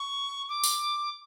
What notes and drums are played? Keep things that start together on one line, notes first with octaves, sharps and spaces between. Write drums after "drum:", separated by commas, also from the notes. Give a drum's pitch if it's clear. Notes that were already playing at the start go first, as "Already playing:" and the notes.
Already playing: C#6
D6
drum: tambourine